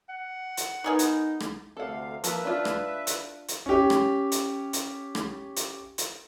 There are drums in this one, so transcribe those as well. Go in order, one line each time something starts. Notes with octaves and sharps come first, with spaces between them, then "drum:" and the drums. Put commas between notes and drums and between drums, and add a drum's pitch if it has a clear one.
F#5
drum: hi-hat
B3 D#4 G#4 A#4
drum: hi-hat
drum: rim click
D2 C3 A4 F5 F#5
F3 A#3 B4 E5, drum: hi-hat
D4 F4
drum: rim click
drum: hi-hat
drum: hi-hat
C#4 G4
drum: rim click
drum: hi-hat
drum: hi-hat
drum: rim click
drum: hi-hat
drum: hi-hat